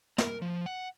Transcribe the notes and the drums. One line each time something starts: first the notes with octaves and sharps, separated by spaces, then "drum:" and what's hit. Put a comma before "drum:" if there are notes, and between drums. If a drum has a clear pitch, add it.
A#4, drum: snare
F3
F#5